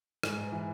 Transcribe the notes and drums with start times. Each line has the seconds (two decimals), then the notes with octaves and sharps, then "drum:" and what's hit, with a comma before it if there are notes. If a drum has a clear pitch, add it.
0.23 G#2, drum: rim click
0.38 G#2
0.52 E3